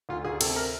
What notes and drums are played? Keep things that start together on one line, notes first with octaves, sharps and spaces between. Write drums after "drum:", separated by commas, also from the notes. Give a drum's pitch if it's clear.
D2 F4
D2 G#4
C3 A4, drum: cymbal
A#4